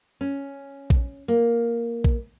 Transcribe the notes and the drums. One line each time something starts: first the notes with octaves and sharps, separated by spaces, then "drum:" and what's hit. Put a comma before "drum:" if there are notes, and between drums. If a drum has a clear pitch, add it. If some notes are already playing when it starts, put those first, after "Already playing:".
C#4
drum: kick A#1
A#3
drum: kick A#1